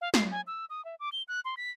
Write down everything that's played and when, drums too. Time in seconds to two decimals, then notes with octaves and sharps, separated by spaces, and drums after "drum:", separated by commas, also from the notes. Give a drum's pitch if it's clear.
0.01 F5
0.14 C7, drum: snare
0.31 G#5
0.47 E6
0.70 D#6
0.85 E5
1.00 D6
1.12 G7
1.28 F#6
1.45 C6
1.57 B6